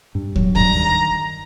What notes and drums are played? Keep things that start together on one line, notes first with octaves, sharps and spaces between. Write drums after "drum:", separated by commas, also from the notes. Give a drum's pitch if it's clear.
G2
F#3, drum: kick
G2 A#5, drum: kick
D#3